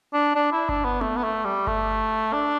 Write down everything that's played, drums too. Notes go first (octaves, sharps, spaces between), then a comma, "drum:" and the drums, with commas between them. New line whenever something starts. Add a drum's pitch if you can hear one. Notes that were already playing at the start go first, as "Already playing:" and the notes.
D4
D4
E4
D4, drum: kick G1
B3
A3, drum: tom B3
B3
A3
G3
A3, drum: kick G1
D4